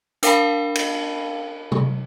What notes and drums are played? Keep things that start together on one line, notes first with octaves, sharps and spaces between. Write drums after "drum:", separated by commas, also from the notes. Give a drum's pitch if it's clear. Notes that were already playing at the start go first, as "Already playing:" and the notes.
D4 A#4 F5 G5 A5 B5, drum: hi-hat
drum: cymbal
drum: tom C3